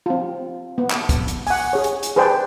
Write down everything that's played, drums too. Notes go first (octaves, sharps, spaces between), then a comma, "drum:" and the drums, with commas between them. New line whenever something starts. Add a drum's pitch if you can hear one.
C4 F4
B3
drum: clap
drum: kick, hi-hat
drum: hi-hat
F#5 G#5, drum: open hi-hat
G#4 C#5
drum: hi-hat
drum: hi-hat
G#4 B4 C5 D5 G5 A5